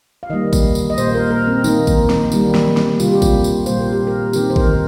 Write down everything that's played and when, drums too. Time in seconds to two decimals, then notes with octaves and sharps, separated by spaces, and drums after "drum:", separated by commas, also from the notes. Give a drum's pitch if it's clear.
0.23 F5
0.30 D#3 G3 A#3 D#5
0.53 drum: kick A1, tambourine
0.75 drum: tambourine
0.90 D#5
0.98 A#2 A#3 C5, drum: tambourine
1.15 A#4
1.31 A#4
1.47 C4
1.64 D#3 A#3 D#4, drum: tambourine
1.87 drum: kick A1, tambourine
2.10 drum: snare
2.32 D#3 G3 A#3, drum: tambourine
2.55 drum: snare
2.77 drum: snare
3.00 C3 G3 A#3 F4, drum: tambourine
3.11 G4
3.22 F4, drum: kick A1, tambourine
3.44 drum: tambourine
3.66 A#2 G3 A#3 C5, drum: tambourine
3.81 A#4
3.93 G4
4.07 A#4
4.33 D#3 C4 G4, drum: tambourine
4.50 C5
4.56 A#4, drum: kick A1